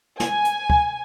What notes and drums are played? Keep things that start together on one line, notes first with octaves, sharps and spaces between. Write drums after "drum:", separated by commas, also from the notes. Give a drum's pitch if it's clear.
G#5, drum: snare
drum: hi-hat
drum: kick